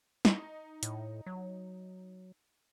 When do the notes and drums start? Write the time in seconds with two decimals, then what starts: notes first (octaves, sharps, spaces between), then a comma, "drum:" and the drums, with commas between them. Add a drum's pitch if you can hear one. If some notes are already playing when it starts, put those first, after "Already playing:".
0.25 D#4, drum: snare
0.83 A2, drum: hi-hat
1.26 F#3